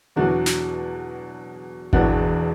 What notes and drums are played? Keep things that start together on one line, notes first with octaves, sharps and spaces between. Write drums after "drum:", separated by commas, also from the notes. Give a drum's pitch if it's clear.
E2 B2 F#3 D4 F#4
drum: snare
E1 E2 B2 F#3 D4 F#4, drum: kick G#1